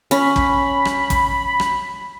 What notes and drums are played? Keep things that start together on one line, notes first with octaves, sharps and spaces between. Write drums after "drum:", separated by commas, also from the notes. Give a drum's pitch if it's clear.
C#4 B5, drum: hi-hat
drum: kick
drum: rim click
drum: kick, hi-hat
drum: rim click